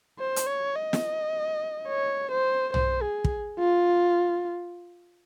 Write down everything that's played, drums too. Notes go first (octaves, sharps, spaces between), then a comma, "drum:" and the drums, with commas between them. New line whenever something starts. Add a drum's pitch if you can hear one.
C5
drum: hi-hat
C#5
D#5
drum: snare
C#5
C5
C5, drum: tom
G#4
drum: kick
F4